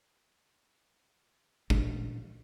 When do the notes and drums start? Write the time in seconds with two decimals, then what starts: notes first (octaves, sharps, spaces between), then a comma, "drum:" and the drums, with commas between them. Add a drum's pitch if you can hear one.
1.70 A1 A#2 G#3 D4, drum: kick